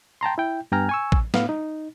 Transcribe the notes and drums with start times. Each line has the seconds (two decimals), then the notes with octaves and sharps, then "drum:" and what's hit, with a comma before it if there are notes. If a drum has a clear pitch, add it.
0.21 G5 A5 A#5 C6
0.38 E4 G5
0.72 G2 B3 G5 G#5 A#5 F6
0.89 G#5 C#6 E6
1.12 drum: kick A1
1.34 A2 B3 F5, drum: snare
1.49 D#4